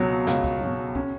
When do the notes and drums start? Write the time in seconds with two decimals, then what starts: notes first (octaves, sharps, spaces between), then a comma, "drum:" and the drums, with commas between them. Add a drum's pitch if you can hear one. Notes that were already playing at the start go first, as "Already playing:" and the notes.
Already playing: C#2 B2 F#3
0.27 C#2, drum: snare
0.44 drum: kick
0.61 B2 F#3
0.95 C#4, drum: kick